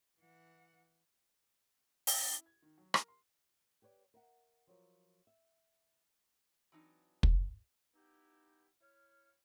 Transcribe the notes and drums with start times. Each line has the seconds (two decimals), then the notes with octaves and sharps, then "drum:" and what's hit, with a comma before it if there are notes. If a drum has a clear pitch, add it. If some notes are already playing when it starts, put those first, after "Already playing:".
0.20 E3 F#5
2.07 drum: open hi-hat
2.19 C#4
2.31 E4
2.46 G#6
2.62 D#3
2.78 F#3
2.94 A#4, drum: rim click
3.08 C6
3.82 G4 B4 C#5 D5
4.14 A#4 E5 F#5
4.67 F3 F#3 A#4
5.27 E5
6.72 E3 F#3 C4 D4 D#4
7.23 drum: kick
7.94 B3 D#4 E4 G4
8.81 E4 C#5 F6